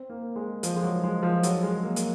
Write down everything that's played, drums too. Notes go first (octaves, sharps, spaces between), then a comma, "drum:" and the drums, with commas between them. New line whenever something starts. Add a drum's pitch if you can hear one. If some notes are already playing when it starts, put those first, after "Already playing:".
Already playing: C4
A#3
G#3
F3, drum: hi-hat
G#3
F#3
G#3
F3
F#3, drum: hi-hat
G#3
A#3
drum: hi-hat